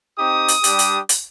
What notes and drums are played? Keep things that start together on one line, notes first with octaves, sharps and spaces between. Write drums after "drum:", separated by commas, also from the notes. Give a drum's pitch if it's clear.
C4 D#4 G4 D#6
drum: hi-hat
G3 D4 G4, drum: hi-hat
drum: hi-hat
drum: hi-hat